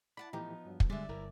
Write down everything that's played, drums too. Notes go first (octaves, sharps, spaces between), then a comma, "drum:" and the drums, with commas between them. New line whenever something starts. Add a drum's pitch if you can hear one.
E4 D5 F#5 A5 B5
A2 E3 F3 B3 D#4 G4
G2 F#3
drum: kick
D3 G3 G#3 D5 E5
G1 E4 A#4